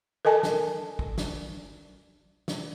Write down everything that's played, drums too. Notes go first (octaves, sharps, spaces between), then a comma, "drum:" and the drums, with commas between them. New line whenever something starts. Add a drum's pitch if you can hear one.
A4 A#4 D#5 G#5 A5
drum: snare
drum: kick
drum: snare
drum: snare